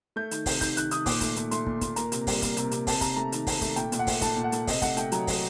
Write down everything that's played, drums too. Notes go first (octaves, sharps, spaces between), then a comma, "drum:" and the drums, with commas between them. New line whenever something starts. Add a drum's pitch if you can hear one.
A3 G6
D#3, drum: hi-hat
C3, drum: kick, open hi-hat
D#3 G6, drum: kick, hi-hat
D#3 F#6, drum: hi-hat
D#3 D#6, drum: hi-hat
A#2 D6, drum: kick, open hi-hat
A3, drum: kick, hi-hat
A3, drum: hi-hat
A3 C6, drum: hi-hat
A#2, drum: kick
A#2, drum: kick, hi-hat
A#3 A#5, drum: hi-hat
C3, drum: hi-hat
G3, drum: kick, open hi-hat
A#3, drum: kick, hi-hat
C3, drum: hi-hat
C3, drum: hi-hat
C3 A5, drum: kick, open hi-hat
C3 A#5, drum: kick, hi-hat
A3 A#5
D#3, drum: hi-hat
C3, drum: kick, open hi-hat
A3, drum: kick, hi-hat
A#2 G5, drum: hi-hat
A#2, drum: hi-hat
F#5
A3, drum: kick, open hi-hat
A3 A5, drum: kick, hi-hat
A#2
F#5
A3, drum: hi-hat
C3 D#5, drum: kick, open hi-hat
A3 F#5, drum: kick, hi-hat
A3 G5, drum: hi-hat
F#3 A#5, drum: hi-hat
F#3, drum: kick, open hi-hat